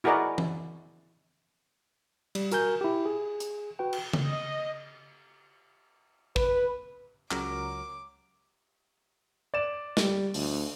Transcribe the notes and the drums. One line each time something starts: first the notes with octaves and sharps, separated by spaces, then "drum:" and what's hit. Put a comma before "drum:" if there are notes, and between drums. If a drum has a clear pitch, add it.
E4 F#4 G#4 A#4 D5 D#5
drum: tom E3
G3, drum: cymbal
F#4 A#4 G#5 G6, drum: hi-hat
E4 G4
G#4
drum: hi-hat
F#4 B4 G5
drum: cymbal
drum: tom C#3
D#5
B4, drum: kick
C#2 F#3 A#4 D6, drum: clap
D5 E7
G3, drum: snare
D2, drum: open hi-hat